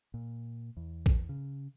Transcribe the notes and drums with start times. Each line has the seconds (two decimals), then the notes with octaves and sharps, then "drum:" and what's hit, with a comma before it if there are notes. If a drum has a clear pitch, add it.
0.14 A#2
0.77 E2
1.06 drum: kick A1
1.29 C#3